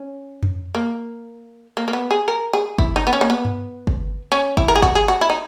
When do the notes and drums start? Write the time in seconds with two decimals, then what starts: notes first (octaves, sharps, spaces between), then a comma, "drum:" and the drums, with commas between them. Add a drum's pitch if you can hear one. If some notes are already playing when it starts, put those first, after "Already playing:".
Already playing: C#4
0.43 drum: tom F2
0.75 A#3
1.77 A#3
1.88 A#3
1.93 B3
2.11 G#4
2.28 A#4
2.53 G#4
2.78 E4, drum: kick G1
2.96 D#4
3.07 B3
3.13 C#4
3.21 A#3
3.30 B3
3.45 drum: tom G2
3.87 drum: kick G1
4.32 C#4
4.57 E4, drum: kick G1
4.68 A#4
4.75 G#4
4.82 F#4, drum: kick G1
4.95 G#4
5.08 F#4
5.21 E4
5.30 D#4